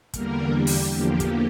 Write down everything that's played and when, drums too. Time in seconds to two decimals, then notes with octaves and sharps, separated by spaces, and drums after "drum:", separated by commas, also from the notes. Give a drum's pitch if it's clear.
0.14 E2 D3 G3 A#3 A#4, drum: kick, hi-hat
0.54 G4
0.67 drum: open hi-hat
0.93 E2 D3 F3 A#3 G4
1.20 drum: kick, hi-hat